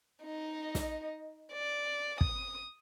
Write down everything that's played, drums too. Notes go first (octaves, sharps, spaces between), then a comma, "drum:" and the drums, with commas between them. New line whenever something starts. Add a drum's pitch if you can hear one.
D#4 D#5
drum: snare
D5
D#6, drum: kick